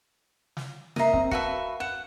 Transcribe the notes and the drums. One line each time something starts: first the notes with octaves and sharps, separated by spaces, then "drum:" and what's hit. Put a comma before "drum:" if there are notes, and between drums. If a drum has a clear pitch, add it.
drum: snare
A#3 A#4 D#5 E5 A#5 C7, drum: snare
C4, drum: kick
F#4 A#4 B4 E5 F5 A5 C#7, drum: kick
F#5 E7